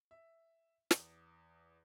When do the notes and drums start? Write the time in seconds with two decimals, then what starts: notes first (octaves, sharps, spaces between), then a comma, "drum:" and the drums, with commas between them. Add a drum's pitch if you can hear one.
0.11 E5
0.91 E2, drum: snare